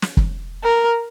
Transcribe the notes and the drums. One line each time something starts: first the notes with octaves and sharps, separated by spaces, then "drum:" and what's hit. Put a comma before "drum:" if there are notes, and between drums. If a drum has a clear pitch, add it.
drum: snare
drum: kick
A#4